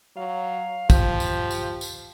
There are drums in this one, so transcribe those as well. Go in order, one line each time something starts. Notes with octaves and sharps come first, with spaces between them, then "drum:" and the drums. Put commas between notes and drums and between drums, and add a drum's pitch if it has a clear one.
F#3 F5
F3 G4, drum: kick, tambourine
drum: tambourine
drum: tambourine
drum: tambourine